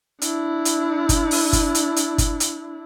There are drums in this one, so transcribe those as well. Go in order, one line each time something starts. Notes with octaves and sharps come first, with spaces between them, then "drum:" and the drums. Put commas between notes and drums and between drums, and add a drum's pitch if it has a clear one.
D4 E4, drum: hi-hat
drum: hi-hat
drum: kick G1, hi-hat
drum: open hi-hat
drum: kick G1, hi-hat
drum: hi-hat
drum: hi-hat
drum: kick G1, hi-hat
drum: hi-hat